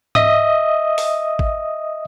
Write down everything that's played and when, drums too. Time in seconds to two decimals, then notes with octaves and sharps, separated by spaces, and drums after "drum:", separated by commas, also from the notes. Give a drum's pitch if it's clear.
0.15 D#5 E5 D#6, drum: tom G#2
0.98 drum: open hi-hat
1.39 drum: kick G#1